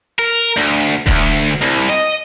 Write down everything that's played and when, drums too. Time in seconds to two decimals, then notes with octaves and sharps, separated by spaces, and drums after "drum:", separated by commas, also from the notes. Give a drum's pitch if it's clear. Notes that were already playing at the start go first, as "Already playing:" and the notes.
0.19 A#4
0.57 D2
1.07 D2, drum: kick D#1
1.62 C2
1.90 D#5